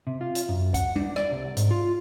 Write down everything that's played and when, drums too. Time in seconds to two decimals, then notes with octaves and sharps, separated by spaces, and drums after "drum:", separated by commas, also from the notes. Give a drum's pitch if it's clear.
0.07 C3
0.21 F4
0.35 drum: hi-hat
0.49 F#2
0.74 F#5, drum: kick C#2, hi-hat
0.96 D4, drum: tom G3
1.16 D5, drum: rim click
1.31 C2
1.57 G#2, drum: hi-hat
1.71 F4